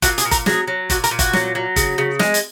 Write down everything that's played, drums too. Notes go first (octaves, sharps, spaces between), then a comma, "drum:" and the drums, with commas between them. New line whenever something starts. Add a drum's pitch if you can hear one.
A#2 F#4, drum: kick G1, hi-hat
G#4, drum: hi-hat
A#2
A#4, drum: kick G1, hi-hat
F#3 G#4, drum: snare
F#3
A#2 F#4, drum: kick G1, hi-hat
A#4, drum: hi-hat
A#2
F#4, drum: kick G1, hi-hat
F#3, drum: snare
F#3
C#3, drum: kick G1, hi-hat
C#3
G#3, drum: snare
drum: hi-hat